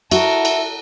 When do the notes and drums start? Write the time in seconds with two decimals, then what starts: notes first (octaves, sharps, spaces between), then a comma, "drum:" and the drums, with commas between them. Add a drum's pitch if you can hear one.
0.11 E4 F#4 A4 A#4, drum: cymbal
0.45 drum: cymbal